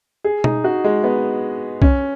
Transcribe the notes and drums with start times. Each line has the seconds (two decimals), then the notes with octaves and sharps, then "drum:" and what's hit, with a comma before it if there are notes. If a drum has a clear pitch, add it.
0.24 G#4
0.44 D#4, drum: tom B2
0.64 F#4
0.84 G#3
1.04 B3
1.82 C#4, drum: kick B1